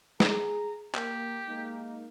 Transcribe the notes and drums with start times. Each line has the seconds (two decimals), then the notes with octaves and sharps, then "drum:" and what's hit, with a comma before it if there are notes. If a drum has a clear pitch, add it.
0.20 G#4 A#5, drum: snare
0.95 A#3 G4, drum: clap
1.47 G#3 A#3 D#4